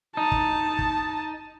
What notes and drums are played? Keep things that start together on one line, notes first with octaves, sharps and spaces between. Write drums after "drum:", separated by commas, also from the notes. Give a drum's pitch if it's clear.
D#4 A5
drum: kick
drum: kick